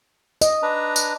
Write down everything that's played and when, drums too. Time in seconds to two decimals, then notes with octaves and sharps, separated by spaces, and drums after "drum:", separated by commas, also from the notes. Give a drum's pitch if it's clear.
0.41 D#5, drum: tambourine
0.62 D4 B4 A#5
0.96 drum: tambourine